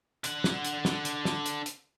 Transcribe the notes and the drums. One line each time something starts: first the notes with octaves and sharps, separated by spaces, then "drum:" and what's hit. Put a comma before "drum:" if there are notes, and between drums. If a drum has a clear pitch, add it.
D3 F#5, drum: hi-hat
drum: snare
drum: hi-hat
drum: snare
drum: hi-hat
drum: snare
drum: hi-hat
drum: hi-hat